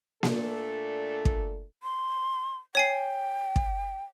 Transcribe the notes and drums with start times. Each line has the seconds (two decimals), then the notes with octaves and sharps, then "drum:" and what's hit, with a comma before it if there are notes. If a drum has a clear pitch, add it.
0.23 A#2 A3 D4 A4, drum: snare A#3
1.25 drum: kick
1.83 C6
2.75 C#5 G5 G#5 C7
3.56 drum: kick